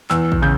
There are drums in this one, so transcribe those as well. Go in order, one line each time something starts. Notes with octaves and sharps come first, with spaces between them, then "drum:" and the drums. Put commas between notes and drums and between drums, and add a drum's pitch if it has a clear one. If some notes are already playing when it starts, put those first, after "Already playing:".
E2 E6, drum: clap
drum: kick A1
C#3 G6